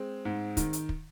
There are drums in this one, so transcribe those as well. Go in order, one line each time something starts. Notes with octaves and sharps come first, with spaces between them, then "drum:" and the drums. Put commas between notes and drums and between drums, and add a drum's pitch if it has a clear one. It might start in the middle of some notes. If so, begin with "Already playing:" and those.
Already playing: G#3 C4
G#2
D#3, drum: kick, hi-hat
drum: hi-hat
drum: kick